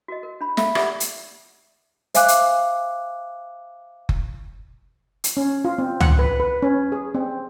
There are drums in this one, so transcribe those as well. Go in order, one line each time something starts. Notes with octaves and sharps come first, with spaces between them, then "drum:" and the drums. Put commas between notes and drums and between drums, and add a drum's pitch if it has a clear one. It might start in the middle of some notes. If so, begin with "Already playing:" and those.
F#4 A#4 D#5
A#4
D4 B5
D4 A4 E5 F5 B5, drum: snare
F4 G4 A#4 D5 E5 F#5, drum: rim click
drum: hi-hat
C5 E5 F5 G#5 D6 F#6, drum: hi-hat
drum: hi-hat
drum: kick F#1
drum: hi-hat
C#4
F4
C4
F#5, drum: tom C#2
B4
B4
C#4
G#4
C4